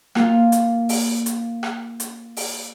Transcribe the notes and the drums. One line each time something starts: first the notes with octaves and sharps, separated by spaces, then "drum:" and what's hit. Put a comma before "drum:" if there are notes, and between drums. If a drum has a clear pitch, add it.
A#3 F4 F5, drum: rim click
drum: hi-hat
drum: open hi-hat
drum: hi-hat
drum: rim click
drum: hi-hat
drum: open hi-hat